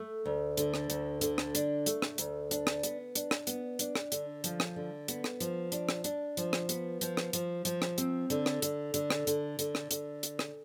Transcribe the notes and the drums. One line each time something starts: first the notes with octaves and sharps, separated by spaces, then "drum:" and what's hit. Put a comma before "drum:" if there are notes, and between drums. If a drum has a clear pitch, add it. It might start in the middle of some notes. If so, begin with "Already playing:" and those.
Already playing: A3
D2
D3, drum: hi-hat
drum: rim click
D2, drum: hi-hat
D3, drum: hi-hat
drum: rim click
D4, drum: hi-hat
A3, drum: hi-hat
drum: rim click
D2, drum: hi-hat
D4, drum: hi-hat
drum: rim click
B3, drum: hi-hat
D4, drum: hi-hat
drum: rim click
B3, drum: hi-hat
D4, drum: hi-hat
drum: rim click
D3, drum: hi-hat
F3, drum: hi-hat
drum: rim click
D3
B3, drum: hi-hat
drum: rim click
F3, drum: hi-hat
D4, drum: hi-hat
drum: rim click
D4, drum: hi-hat
F3, drum: hi-hat
drum: rim click
B3, drum: hi-hat
F3, drum: hi-hat
drum: rim click
F3, drum: hi-hat
F3, drum: hi-hat
drum: rim click
C4, drum: hi-hat
D3, drum: hi-hat
drum: rim click
D3, drum: hi-hat
D3, drum: hi-hat
drum: rim click
D3, drum: hi-hat
D3, drum: hi-hat
drum: rim click
D3, drum: hi-hat
drum: hi-hat
drum: rim click